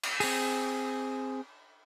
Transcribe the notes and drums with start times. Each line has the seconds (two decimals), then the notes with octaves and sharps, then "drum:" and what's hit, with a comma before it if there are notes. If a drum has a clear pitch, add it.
0.03 drum: cymbal
0.20 C4 G#4, drum: open hi-hat